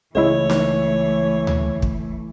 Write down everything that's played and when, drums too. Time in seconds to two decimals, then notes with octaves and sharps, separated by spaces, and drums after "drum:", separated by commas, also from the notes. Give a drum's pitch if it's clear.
0.15 C#2 C#3 E3 G#3 A3 E4 C#5
0.50 drum: snare D#4
1.47 drum: tom D2
1.82 drum: kick